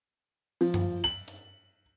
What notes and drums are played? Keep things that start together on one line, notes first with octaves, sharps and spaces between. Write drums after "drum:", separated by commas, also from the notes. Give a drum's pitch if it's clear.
F3, drum: open hi-hat
drum: tom F#2
F#7
drum: hi-hat